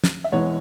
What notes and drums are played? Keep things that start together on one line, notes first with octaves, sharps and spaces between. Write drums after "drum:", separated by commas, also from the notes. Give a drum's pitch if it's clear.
drum: snare
E5
E1 E2 E3 G#3 C#5 F#5